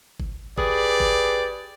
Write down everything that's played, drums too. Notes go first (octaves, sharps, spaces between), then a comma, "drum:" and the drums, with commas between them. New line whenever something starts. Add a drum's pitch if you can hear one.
drum: kick G1
G4 G#4 B4 D5, drum: kick G1
drum: kick G1